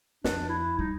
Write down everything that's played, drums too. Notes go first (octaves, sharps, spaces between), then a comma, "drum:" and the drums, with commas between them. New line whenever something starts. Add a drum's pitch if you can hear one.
F2 D4, drum: snare
E4
G3 D#4